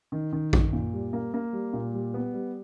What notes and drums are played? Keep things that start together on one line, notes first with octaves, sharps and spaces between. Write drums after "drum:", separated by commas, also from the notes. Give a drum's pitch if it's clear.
D#3
D#3
D#3, drum: kick A#1
A#2
G3
A#3
A#3
G3
A#2
G3
B3
G3